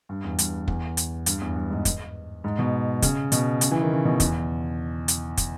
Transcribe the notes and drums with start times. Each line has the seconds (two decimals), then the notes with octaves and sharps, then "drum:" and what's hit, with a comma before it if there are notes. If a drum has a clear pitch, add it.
0.09 G2
0.24 E2
0.39 G2, drum: hi-hat
0.68 E2, drum: kick
0.97 drum: hi-hat
1.26 G2, drum: hi-hat
1.41 E2
1.56 G2
1.71 G#2
1.85 drum: kick, hi-hat
2.44 G#2
2.59 B2
3.02 C#3, drum: kick, hi-hat
3.32 B2, drum: hi-hat
3.61 C#3, drum: hi-hat
3.71 E3
3.81 D#3
3.91 C#3
4.05 B2
4.20 E2, drum: kick, hi-hat
5.08 drum: hi-hat
5.37 drum: kick, hi-hat